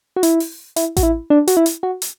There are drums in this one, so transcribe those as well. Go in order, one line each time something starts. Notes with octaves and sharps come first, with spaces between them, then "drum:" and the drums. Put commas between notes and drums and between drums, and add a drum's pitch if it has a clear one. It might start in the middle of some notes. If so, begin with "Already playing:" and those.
F#4
E4, drum: hi-hat
drum: open hi-hat
E4, drum: hi-hat
F#4, drum: kick A1, hi-hat
E4
D4
F#4, drum: hi-hat
E4
drum: hi-hat
F#4
drum: hi-hat